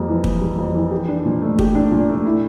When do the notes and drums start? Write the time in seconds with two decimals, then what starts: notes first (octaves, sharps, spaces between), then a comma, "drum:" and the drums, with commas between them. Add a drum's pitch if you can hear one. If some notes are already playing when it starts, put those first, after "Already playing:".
Already playing: F2 G3 A#3
0.08 E3
0.24 A#3, drum: kick
0.41 G3
0.58 F2
0.75 E3
0.91 G4
1.08 D4
1.25 A#2
1.42 A3
1.59 G4, drum: kick
1.75 D4
1.92 A#2
2.09 A3
2.25 E4